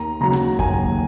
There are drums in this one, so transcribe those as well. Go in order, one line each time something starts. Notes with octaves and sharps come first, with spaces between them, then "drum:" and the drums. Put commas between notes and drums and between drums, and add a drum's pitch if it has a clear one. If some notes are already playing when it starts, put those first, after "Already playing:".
Already playing: D#2 A#5
C#3 F#3 A#5
drum: rim click
D#2 G#5, drum: kick F#2